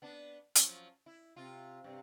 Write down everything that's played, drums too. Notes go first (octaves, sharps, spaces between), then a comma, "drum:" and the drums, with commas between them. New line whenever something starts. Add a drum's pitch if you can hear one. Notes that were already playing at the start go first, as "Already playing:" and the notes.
B3 D4
F3 F#3 C#4, drum: hi-hat
E4
C3 F4
G2 C3